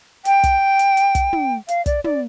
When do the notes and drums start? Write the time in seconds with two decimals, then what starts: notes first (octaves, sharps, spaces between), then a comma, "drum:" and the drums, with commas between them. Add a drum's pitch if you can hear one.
0.25 G5, drum: hi-hat
0.44 drum: kick, hi-hat
0.79 drum: hi-hat
0.97 drum: hi-hat
1.15 drum: kick, hi-hat
1.33 drum: tom
1.69 F5, drum: hi-hat
1.86 D5, drum: kick, hi-hat
2.04 D5, drum: tom